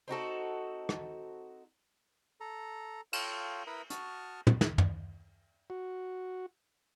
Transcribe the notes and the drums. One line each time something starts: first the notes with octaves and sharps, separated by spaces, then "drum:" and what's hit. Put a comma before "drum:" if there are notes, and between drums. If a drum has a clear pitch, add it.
C4 D#4 F#4 A4
drum: rim click
A4 A#5
F4 A4 C#5 F5 G5, drum: cymbal
E4 A#4 B4 B5 D#6
F#4 A5 C#6 D#6 F6, drum: hi-hat
drum: tom
drum: snare
drum: tom
F#4